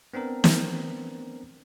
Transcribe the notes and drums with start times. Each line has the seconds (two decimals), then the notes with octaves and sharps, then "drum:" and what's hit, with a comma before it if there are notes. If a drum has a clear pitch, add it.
0.14 B3 C4 D4 A#4
0.44 drum: snare